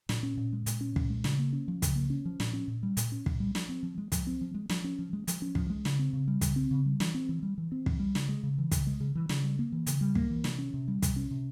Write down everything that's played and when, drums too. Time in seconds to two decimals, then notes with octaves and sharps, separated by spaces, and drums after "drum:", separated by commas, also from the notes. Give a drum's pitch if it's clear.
0.09 A#2, drum: snare
0.23 C#4
0.37 A#2
0.53 G#3
0.66 A#2, drum: hi-hat
0.81 C#4
0.96 A#2, drum: kick
1.10 G#3
1.24 C#3, drum: snare
1.39 A#3
1.53 C#4
1.68 F3
1.82 C#3, drum: kick, hi-hat
1.96 A#3
2.10 C#4
2.25 F3
2.40 A#2, drum: snare
2.53 C#4
2.68 A#2
2.83 G3
2.97 A#2, drum: hi-hat
3.12 C#4
3.26 A#2, drum: kick
3.40 G3
3.55 F3, drum: snare
3.69 C4
3.83 F3
3.98 G#3
4.12 F3, drum: kick, hi-hat
4.27 C4
4.41 F3
4.54 G#3
4.69 F3, drum: snare
4.84 C#4
4.99 F3
5.13 G#3
5.28 F3, drum: hi-hat
5.42 C#4
5.55 F3, drum: kick
5.70 G#3
5.85 C#3, drum: snare
5.99 C4
6.13 C#3
6.28 G3
6.41 C#3, drum: kick, hi-hat
6.56 C4
6.71 C#3
6.86 G3
7.00 E3, drum: snare
7.14 C4
7.29 E3
7.43 G3
7.58 E3
7.72 C4
7.86 E3, drum: kick
8.00 G3
8.15 C#3, drum: snare
8.29 G#3
8.43 C#3
8.58 E3
8.71 C#3, drum: kick, hi-hat
8.87 G#3
9.00 C#3
9.15 E3
9.29 C#3, drum: snare
9.44 G3
9.59 A#3
9.72 E3
9.87 C#3, drum: hi-hat
10.01 G3
10.15 A#3, drum: kick
10.30 E3
10.44 C3, drum: snare
10.58 C#4
10.74 C3
10.88 G3
11.02 C3, drum: kick, hi-hat
11.16 C#4
11.31 C3